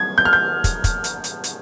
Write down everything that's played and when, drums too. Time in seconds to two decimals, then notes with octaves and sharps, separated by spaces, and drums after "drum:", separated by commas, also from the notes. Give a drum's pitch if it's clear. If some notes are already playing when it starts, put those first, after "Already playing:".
Already playing: G#6
0.18 G6
0.25 F6
0.33 G6
0.64 drum: kick, hi-hat
0.84 drum: kick, hi-hat
1.04 drum: hi-hat
1.24 drum: hi-hat
1.44 drum: hi-hat